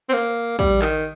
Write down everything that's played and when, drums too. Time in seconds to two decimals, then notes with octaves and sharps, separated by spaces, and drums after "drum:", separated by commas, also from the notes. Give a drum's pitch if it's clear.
0.09 C4
0.13 A#3
0.59 G3, drum: kick
0.82 D#3, drum: clap